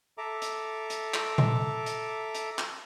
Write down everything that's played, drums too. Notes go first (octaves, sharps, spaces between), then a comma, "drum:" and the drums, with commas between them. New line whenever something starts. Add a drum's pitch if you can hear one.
A4 E5 A#5 D6
drum: hi-hat
drum: hi-hat
drum: clap
drum: tom A#2
drum: hi-hat
drum: hi-hat
drum: clap